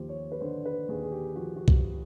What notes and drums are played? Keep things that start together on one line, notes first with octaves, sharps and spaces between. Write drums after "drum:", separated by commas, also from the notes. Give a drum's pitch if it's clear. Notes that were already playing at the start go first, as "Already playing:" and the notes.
Already playing: D#2 F3 G4 C5
C#5
B4
D3 C5
B4
D#2 G#4
G#4
G4
F3 F#4
F#4
G4, drum: kick C2